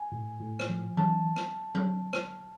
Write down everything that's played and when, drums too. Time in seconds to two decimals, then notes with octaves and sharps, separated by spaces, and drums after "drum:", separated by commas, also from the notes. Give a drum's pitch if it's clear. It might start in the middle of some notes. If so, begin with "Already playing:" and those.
Already playing: G#5
0.12 A2
0.40 A2
0.59 drum: rim click
0.69 F3
0.97 E3 A5, drum: tom F#3
1.36 drum: rim click
1.75 drum: tom F#3
2.13 drum: rim click